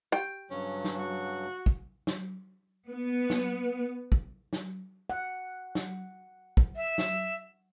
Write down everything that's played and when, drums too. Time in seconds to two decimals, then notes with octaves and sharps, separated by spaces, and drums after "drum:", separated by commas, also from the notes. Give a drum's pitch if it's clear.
0.12 G4 G5
0.50 G2 C#3 F#3 C#4
0.84 drum: snare
0.99 F#4
1.66 drum: kick
2.07 drum: snare
2.89 B3
3.30 drum: snare
4.12 drum: kick
4.53 drum: snare
5.10 F#5
5.75 drum: snare
6.57 drum: kick
6.76 E5
6.98 drum: snare